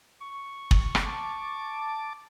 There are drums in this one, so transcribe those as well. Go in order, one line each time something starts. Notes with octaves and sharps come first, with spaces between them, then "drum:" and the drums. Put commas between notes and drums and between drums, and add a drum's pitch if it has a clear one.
C#6
drum: kick
A5 D6, drum: rim click